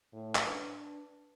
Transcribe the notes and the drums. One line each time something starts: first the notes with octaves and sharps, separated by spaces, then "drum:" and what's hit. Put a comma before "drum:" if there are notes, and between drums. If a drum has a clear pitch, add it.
A2
drum: clap
D4 B4